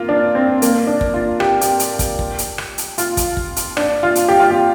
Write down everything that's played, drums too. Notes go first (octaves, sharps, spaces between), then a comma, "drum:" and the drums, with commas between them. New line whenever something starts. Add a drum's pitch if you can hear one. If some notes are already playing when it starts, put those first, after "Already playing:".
Already playing: A#3 F4
D4
C4
A#3, drum: hi-hat
D4
drum: kick
F4
G4, drum: rim click
G4, drum: hi-hat
drum: hi-hat
drum: kick, hi-hat
drum: kick
drum: hi-hat
drum: rim click
drum: hi-hat
F4, drum: hi-hat
drum: kick, hi-hat
drum: kick
drum: hi-hat
D4, drum: rim click
F4
drum: hi-hat
G4
F4
G4